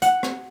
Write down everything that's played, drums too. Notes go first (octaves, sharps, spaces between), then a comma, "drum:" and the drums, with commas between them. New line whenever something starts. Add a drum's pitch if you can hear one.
F#5, drum: hi-hat
drum: rim click